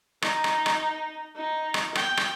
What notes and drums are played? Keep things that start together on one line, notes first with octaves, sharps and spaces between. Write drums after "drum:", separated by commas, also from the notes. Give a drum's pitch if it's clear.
D#4, drum: rim click
drum: rim click
drum: rim click
D#4
drum: rim click
G5, drum: rim click
drum: rim click